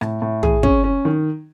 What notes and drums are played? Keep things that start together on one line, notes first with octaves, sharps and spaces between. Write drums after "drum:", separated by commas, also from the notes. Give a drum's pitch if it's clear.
A2, drum: rim click
A2
G#4, drum: tom
C#4, drum: kick
C#4
D#3